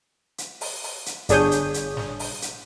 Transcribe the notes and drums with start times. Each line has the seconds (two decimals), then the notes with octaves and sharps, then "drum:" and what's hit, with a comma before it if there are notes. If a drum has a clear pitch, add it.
0.38 drum: hi-hat
0.61 drum: open hi-hat
0.84 drum: open hi-hat
1.06 drum: hi-hat
1.29 G1 D4 G#4 C#5 D#6 G6, drum: hi-hat
1.52 drum: hi-hat
1.74 drum: hi-hat
1.97 drum: snare
2.19 drum: open hi-hat
2.42 drum: hi-hat